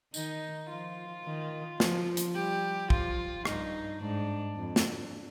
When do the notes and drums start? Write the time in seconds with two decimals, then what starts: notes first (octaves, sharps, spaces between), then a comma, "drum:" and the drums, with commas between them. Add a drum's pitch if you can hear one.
0.14 D#3 D#4, drum: tambourine
0.70 F3 F4
1.25 D#3
1.80 F3, drum: snare
2.17 drum: hi-hat
2.35 G3 G4
2.90 F3 F4, drum: kick
3.45 G2 D#4, drum: rim click
4.01 G#2 D4
4.56 F2
4.76 drum: snare